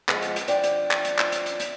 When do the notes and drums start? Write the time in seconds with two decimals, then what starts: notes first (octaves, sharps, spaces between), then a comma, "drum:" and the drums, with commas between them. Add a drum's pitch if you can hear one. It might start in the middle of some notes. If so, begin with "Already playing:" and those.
0.09 F3 G3 G#3 B3, drum: clap
0.22 drum: hi-hat
0.36 drum: hi-hat
0.48 F3 D4 D5 G5, drum: hi-hat
0.64 drum: hi-hat
0.91 drum: clap
1.05 drum: hi-hat
1.19 drum: clap
1.32 drum: hi-hat
1.46 drum: hi-hat
1.60 drum: hi-hat